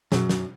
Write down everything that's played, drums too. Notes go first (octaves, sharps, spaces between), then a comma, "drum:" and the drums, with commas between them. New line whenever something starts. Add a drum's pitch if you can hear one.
F#2 B2 F#3 C#4 G#4, drum: snare
drum: snare